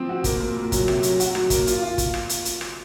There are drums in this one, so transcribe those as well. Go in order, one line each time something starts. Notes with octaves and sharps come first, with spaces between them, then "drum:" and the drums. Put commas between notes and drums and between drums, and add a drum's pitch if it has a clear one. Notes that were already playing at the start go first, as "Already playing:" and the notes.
Already playing: F3 C4
F#4
A#3, drum: kick, hi-hat
A#2
A#2
F#3, drum: kick, hi-hat
C3, drum: rim click
F#3, drum: hi-hat
F#4, drum: hi-hat
F#3, drum: rim click
A#3, drum: kick, hi-hat
F4, drum: hi-hat
F4
drum: kick, hi-hat
drum: rim click
drum: hi-hat
drum: hi-hat
drum: rim click